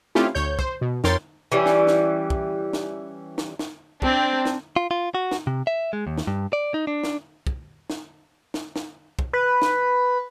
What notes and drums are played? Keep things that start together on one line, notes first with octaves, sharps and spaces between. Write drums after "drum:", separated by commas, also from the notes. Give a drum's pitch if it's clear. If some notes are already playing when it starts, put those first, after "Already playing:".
A3 C4 C#4 E4 F4 G4, drum: snare
D2 C#5 G6
C5, drum: kick
B2
F2 A#4 C#5 G5 C6 A6, drum: snare
E3 G3 C#4
drum: snare
drum: snare
drum: kick
drum: snare
drum: snare
drum: snare
C4 D4, drum: kick
drum: snare
F4
F4
F#4
drum: snare
C3
E5
G#3
D#2
drum: snare
G2
D5
D#4
D4
drum: snare
drum: kick
drum: snare
drum: snare
drum: snare
drum: kick
B4
drum: snare